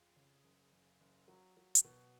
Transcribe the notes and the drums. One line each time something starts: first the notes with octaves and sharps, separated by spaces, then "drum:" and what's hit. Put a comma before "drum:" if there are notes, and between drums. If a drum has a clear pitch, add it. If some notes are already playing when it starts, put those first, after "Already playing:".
Already playing: F2 F4 G#4
C#3
F#1
F#1
F#1
F#3
F#3
drum: hi-hat
B2